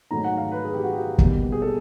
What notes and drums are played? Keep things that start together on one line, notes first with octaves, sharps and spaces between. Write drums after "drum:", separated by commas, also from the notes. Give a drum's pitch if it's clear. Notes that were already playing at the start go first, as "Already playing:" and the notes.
G#2 D#3 F#3 A3 A#5
F#5
F5
B4
G#4
G4
F#4
G4
B2 G3 A#3, drum: kick
G#4
A4